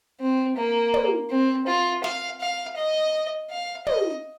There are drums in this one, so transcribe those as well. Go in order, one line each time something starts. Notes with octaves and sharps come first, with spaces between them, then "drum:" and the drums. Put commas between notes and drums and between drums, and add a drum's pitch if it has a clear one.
C4
A#3
drum: tom
C4
F4
F5, drum: snare
F5
D#5
F5
D#5, drum: tom